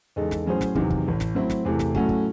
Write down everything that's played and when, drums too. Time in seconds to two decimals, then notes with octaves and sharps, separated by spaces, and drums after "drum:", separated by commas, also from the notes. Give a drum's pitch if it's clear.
0.16 E2 C#3 G#3 D#4 A4
0.31 drum: snare
0.46 A2 F#3 C#4 G#4 C5
0.61 drum: snare
0.75 E2 C3 D#3 F#3, drum: kick
0.90 drum: kick
1.05 A1 A2 E3
1.20 drum: snare
1.35 A2 F#3 C4 E4
1.50 drum: snare
1.65 E2 C3 E3 A3
1.79 drum: snare
1.94 A2 F#3 A3 C#4 F#4, drum: kick
2.09 drum: kick